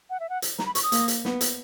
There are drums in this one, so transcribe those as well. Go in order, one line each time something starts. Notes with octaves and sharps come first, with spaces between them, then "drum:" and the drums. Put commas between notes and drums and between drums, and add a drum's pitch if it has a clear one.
F#5
E5
F#5
drum: hi-hat
A#5, drum: snare
B5
C#6, drum: hi-hat
D#6
A#3, drum: hi-hat
drum: hi-hat
B3, drum: snare
drum: hi-hat